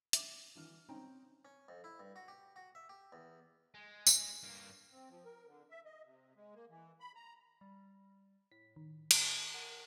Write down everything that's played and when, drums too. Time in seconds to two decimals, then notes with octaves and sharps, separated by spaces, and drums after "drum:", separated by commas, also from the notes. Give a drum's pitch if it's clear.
0.13 E5 D6, drum: hi-hat
0.55 D3 E3 F6
0.89 C4 C#4 D#4 G5 A#5
1.45 C#4
1.68 F2
1.84 E4
2.00 G2
2.16 F#4
2.28 G4
2.56 F#4
2.75 E5
2.89 G4
3.12 E2
3.74 G#3
4.07 drum: tambourine
4.43 G2 A#3
4.91 C4
5.10 F3
5.25 A#4
5.46 D3
5.70 E5
5.85 D#5
6.05 C3
6.36 G#3
6.55 A#3
6.70 E3
7.00 B5
7.15 A#5
7.61 G3
8.52 A2 B6
8.76 D#3
9.11 drum: cymbal
9.54 A#4 F#5